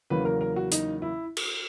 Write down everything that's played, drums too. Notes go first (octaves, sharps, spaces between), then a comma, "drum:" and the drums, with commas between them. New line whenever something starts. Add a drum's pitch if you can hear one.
E2 C#3 F#3 A#3 B4
A#4
A#4
F#4
D#4, drum: hi-hat
E4
drum: cymbal